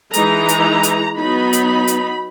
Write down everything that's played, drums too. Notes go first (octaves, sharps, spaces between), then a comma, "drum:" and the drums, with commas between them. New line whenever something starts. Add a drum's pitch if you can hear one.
E3 G#3 D#4 A#5, drum: hi-hat
drum: hi-hat
drum: hi-hat
F#3 B3 D#4 B5
drum: hi-hat
drum: hi-hat